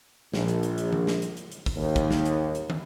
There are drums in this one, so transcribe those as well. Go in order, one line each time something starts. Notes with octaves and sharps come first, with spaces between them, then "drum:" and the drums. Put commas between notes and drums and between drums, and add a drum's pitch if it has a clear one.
A#1, drum: snare
drum: hi-hat
drum: hi-hat
drum: hi-hat
drum: tom D#3
drum: snare
drum: hi-hat
drum: hi-hat
drum: hi-hat
drum: kick, open hi-hat
D#2
drum: kick, hi-hat
drum: snare
drum: hi-hat
drum: hi-hat
drum: tom